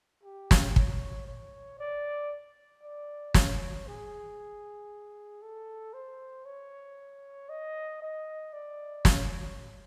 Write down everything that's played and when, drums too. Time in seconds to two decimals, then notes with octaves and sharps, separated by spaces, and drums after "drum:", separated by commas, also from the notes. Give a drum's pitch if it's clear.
0.23 G4
0.51 drum: snare
0.76 C#5, drum: kick
1.27 C#5
1.79 D5
2.83 D5
3.34 C#5, drum: snare
3.87 G#4
5.42 A4
5.94 C5
6.46 C#5
7.49 D#5
8.02 D#5
8.53 D5
9.05 C#5, drum: snare